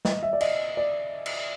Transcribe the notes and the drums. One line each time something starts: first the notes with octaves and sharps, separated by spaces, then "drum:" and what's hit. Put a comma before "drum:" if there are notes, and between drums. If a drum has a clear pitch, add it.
D#5, drum: snare
E5
D5
D#5, drum: cymbal
D5
drum: cymbal